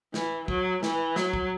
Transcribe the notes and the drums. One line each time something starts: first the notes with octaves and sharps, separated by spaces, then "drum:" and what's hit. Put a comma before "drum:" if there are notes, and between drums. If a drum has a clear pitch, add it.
E3, drum: snare
F#3, drum: kick
E3, drum: snare
F#3, drum: snare
drum: kick